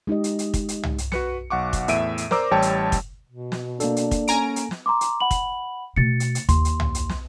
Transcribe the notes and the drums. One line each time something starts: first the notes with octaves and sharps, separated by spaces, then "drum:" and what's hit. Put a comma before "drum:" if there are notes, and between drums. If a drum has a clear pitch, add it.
G#3 D#4 G4 D#5
drum: hi-hat
drum: hi-hat
drum: kick, hi-hat
drum: hi-hat
drum: tom C2
drum: hi-hat
F#4 B4 C#7, drum: snare
B1 F#5 C#6 D6
drum: kick, hi-hat
E2 A2 E5 D7 D#7, drum: hi-hat
drum: hi-hat
A#4 C5 D5 A#5 D6 E6, drum: snare
A1 G3 C#5 G5 A5
drum: hi-hat
drum: kick, hi-hat
B2
drum: snare
A#3 D4 A4, drum: hi-hat
drum: hi-hat
drum: kick, hi-hat
C#4 G#5 A#5 D7, drum: hi-hat
drum: hi-hat
drum: snare
A#5 C6 D6
drum: hi-hat
F#5 B5 F#7
drum: kick, hi-hat
B2 A3 A6 C#7
drum: hi-hat
drum: hi-hat
D#2 C6, drum: kick, hi-hat
drum: hi-hat
drum: tom C2
drum: hi-hat
drum: snare